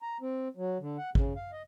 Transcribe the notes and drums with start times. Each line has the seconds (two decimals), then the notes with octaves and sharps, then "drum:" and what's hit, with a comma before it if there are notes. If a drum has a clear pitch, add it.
0.02 A#5
0.21 C4
0.57 F#3
0.80 D3
0.98 F#5
1.15 C#3, drum: kick
1.36 F5
1.52 D#5